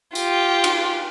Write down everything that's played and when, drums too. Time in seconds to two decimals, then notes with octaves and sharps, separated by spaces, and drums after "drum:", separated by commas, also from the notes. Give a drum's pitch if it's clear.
0.15 F4 G4, drum: tambourine
0.64 drum: cymbal